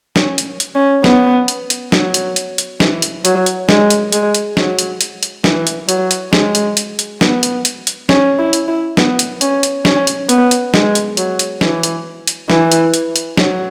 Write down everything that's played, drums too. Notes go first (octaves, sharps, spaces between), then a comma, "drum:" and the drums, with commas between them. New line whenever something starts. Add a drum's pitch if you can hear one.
C#4, drum: snare
drum: hi-hat
drum: hi-hat
C#4
B3, drum: snare
drum: hi-hat
drum: hi-hat
F#3, drum: snare
drum: hi-hat
drum: hi-hat
drum: hi-hat
E3, drum: snare
drum: hi-hat
F#3, drum: hi-hat
drum: hi-hat
G#3, drum: snare
drum: hi-hat
G#3, drum: hi-hat
drum: hi-hat
F#3, drum: snare
drum: hi-hat
drum: hi-hat
drum: hi-hat
E3, drum: snare
drum: hi-hat
F#3, drum: hi-hat
drum: hi-hat
G#3, drum: snare
drum: hi-hat
drum: hi-hat
drum: hi-hat
B3, drum: snare
drum: hi-hat
drum: hi-hat
drum: hi-hat
C#4, drum: snare
E4
drum: hi-hat
E4
B3, drum: snare
drum: hi-hat
C#4, drum: hi-hat
drum: hi-hat
C#4, drum: snare
drum: hi-hat
B3, drum: hi-hat
drum: hi-hat
G#3, drum: snare
drum: hi-hat
F#3, drum: hi-hat
drum: hi-hat
E3, drum: snare
drum: hi-hat
drum: hi-hat
E3, drum: snare
drum: hi-hat
drum: hi-hat
drum: hi-hat
F#3, drum: snare